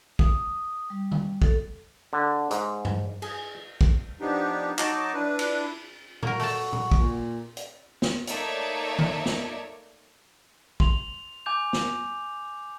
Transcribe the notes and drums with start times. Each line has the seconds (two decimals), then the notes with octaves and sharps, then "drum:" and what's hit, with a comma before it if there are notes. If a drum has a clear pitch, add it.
0.19 D#6, drum: kick
0.90 G3
1.12 drum: tom D#3
1.42 A4, drum: kick
2.13 D3
2.51 G#2, drum: hi-hat
2.85 drum: tom G2
3.22 G#4, drum: cymbal
3.81 drum: kick
4.21 F3 B3 D4 D#4 G4
4.79 F#3 D#4 F#4 D#5 A5 D6, drum: clap
5.14 D4 E4 B4
5.39 drum: cymbal
6.23 A#3 F#4 A#4, drum: tom A#2
6.40 A3 A5, drum: open hi-hat
6.73 drum: tom A#2
6.92 A#2, drum: kick
7.57 drum: hi-hat
8.02 drum: snare
8.27 A3 A#3 D#4 C#5 D5 E5, drum: hi-hat
8.99 drum: tom D#3
9.26 drum: snare
10.80 C6 F7, drum: kick
11.46 G#5 D6 G6 F7
11.73 drum: snare